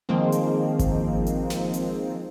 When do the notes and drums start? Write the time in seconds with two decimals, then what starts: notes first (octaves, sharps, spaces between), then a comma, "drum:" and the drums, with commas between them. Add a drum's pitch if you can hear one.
0.09 D#3 F3 G#3 A#3 C4
0.32 drum: hi-hat
0.79 drum: kick G#1, hi-hat
1.26 drum: hi-hat
1.50 drum: snare
1.74 drum: hi-hat